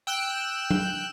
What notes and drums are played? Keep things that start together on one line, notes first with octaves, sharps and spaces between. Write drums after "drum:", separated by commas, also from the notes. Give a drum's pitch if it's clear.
G5 E6 F#6
drum: tom F#3